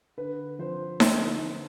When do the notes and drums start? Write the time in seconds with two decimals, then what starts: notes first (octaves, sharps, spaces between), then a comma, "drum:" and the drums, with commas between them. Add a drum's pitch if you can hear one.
0.17 D3 B4
0.59 F3 C4 C5
1.00 D3, drum: snare D#4
1.41 F3 C4